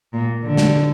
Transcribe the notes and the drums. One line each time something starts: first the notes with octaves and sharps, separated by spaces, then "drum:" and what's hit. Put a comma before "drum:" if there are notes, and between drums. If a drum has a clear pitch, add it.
A#2
D3
drum: snare